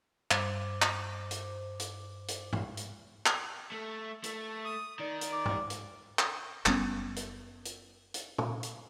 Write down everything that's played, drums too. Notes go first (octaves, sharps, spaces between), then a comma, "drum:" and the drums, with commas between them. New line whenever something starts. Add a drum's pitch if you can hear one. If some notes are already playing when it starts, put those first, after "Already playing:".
G2 C5 D6, drum: clap
drum: clap
drum: hi-hat
drum: hi-hat
drum: hi-hat
drum: tom G#2
drum: hi-hat
drum: clap
A3
A3, drum: hi-hat
D#6
D#3 D5
drum: hi-hat
D6
drum: tom G#2
drum: hi-hat
drum: clap
F#1 G3 B3 C#4, drum: clap
drum: hi-hat
drum: hi-hat
drum: hi-hat
drum: tom
drum: hi-hat